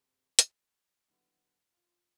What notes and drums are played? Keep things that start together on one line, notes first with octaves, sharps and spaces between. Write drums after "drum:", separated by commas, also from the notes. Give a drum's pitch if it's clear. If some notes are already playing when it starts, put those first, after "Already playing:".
Already playing: F#1 F2 C3
drum: hi-hat
D#2 D3 F#3 B3 E4
F4